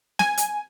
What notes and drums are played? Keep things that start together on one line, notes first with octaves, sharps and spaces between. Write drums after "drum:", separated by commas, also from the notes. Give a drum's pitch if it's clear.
G#5, drum: snare
drum: hi-hat